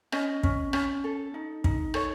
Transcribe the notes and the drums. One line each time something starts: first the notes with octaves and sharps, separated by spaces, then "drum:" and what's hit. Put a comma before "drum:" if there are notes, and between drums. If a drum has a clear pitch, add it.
C#4 D#5, drum: rim click
C#4, drum: kick
C#4, drum: rim click
A4
D#4
D#4, drum: kick
A4 C#5, drum: rim click